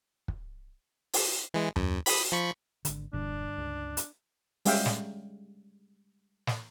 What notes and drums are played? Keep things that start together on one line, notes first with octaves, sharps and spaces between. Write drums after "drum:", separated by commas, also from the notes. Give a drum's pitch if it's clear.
drum: kick
drum: open hi-hat
E3 G#3
F#2, drum: tom D#2
B5 D#6, drum: open hi-hat
F3 B5 C#6
G#1 D3, drum: hi-hat
E1 G2 D3 D4
C#2
drum: hi-hat
G3 G#3 C#4 E5 F5 G5, drum: open hi-hat
drum: snare
drum: snare